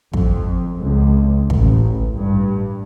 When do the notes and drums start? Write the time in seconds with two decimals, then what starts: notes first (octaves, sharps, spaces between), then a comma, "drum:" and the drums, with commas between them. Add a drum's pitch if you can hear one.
0.13 F2, drum: kick
0.79 C#2
1.50 A1, drum: kick
2.15 G2